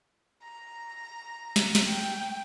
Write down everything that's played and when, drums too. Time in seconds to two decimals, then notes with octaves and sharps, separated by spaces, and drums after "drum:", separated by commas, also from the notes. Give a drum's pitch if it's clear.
0.42 A#5
1.56 drum: snare
1.75 drum: snare
1.87 G5